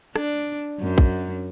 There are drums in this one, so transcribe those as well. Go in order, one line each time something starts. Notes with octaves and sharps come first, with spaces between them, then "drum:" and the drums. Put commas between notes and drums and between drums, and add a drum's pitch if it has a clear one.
D4, drum: rim click
F#2
drum: kick